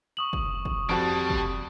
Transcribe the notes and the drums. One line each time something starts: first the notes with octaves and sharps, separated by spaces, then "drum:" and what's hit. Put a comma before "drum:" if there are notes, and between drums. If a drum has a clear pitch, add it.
C#6 D#6 E7 F#7
drum: kick
drum: kick
F2 G3 F#4 A5 D7
drum: kick